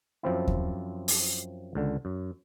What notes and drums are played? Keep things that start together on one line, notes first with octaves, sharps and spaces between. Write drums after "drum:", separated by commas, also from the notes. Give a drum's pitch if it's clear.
F#2 F3 C4 E4
drum: kick D#2
drum: open hi-hat
C#2 D3
F#2